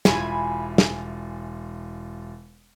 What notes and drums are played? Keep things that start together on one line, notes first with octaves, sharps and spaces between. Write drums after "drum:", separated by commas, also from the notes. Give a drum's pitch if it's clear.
E1 E4 F4 G#5 B5, drum: snare
drum: snare